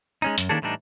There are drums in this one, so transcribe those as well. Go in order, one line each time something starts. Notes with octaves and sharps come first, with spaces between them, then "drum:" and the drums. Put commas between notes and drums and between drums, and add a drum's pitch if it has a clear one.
G#3 C#4 D#4
F#2, drum: hi-hat
D#3 A#3 C#4 D4 G#4 A4
A2 E3 G3 D4 D#4